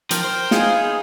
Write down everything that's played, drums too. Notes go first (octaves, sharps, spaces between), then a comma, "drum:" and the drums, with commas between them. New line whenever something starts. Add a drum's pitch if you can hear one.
F3 A#4 G5, drum: hi-hat
C5
B3 D#4 G#4 F5, drum: snare